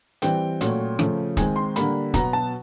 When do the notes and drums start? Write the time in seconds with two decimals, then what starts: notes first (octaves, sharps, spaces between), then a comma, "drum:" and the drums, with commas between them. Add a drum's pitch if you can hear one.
0.22 E3 G3 C4 G5, drum: hi-hat
0.61 A#2 F#3 A3 C#4, drum: hi-hat
0.99 C#3 F3 A3, drum: rim click
1.37 D#3 G#3 C4 G#5, drum: kick, hi-hat
1.56 C6
1.76 D3 G3 A#3 D4 B5, drum: hi-hat
2.14 B2 F#3 B3 A#5, drum: kick, hi-hat
2.33 A5